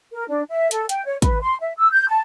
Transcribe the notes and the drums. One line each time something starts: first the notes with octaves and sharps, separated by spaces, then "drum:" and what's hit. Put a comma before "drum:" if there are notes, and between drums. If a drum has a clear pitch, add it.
A#4
D4
E5
A4, drum: hi-hat
G5, drum: hi-hat
C#5
B4, drum: kick, hi-hat
C6
E5
E6
G6
A5